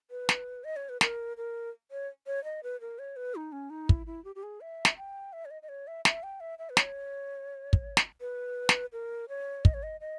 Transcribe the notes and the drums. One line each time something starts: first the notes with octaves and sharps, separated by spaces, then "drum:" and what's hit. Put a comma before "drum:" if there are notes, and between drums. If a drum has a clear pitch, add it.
B4
drum: snare
D#5
C#5
B4
A#4, drum: snare
A#4
C#5
C#5
D#5
B4
A#4
C#5
B4
D#4
C#4
D#4
E4, drum: kick
E4
G4
G4
G#4
E5
drum: snare
G5
E5
C#5
D#5
D#5
C#5
E5
E5, drum: snare
G5
E5
E5
B4
C#5, drum: snare
drum: kick
drum: snare
B4
drum: snare
A#4
C#5
D#5, drum: kick
C#5
D#5
D#5